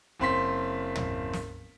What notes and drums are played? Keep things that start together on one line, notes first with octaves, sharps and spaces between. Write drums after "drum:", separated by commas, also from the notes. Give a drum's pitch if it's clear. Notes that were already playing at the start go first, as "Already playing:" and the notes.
F#1 C4 C6 B6
drum: tom
drum: snare